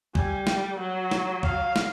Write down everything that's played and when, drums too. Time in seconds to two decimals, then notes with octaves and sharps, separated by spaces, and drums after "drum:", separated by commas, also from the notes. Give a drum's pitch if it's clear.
0.15 G3 G#5, drum: kick C2
0.47 G5, drum: snare
0.79 F#3 F#5
1.11 drum: snare
1.43 F5, drum: kick C2
1.76 drum: snare